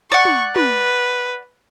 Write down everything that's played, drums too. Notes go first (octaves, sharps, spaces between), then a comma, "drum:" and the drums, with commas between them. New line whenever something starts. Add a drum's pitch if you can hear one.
D5 F#5 C#6
drum: tom
B4, drum: tom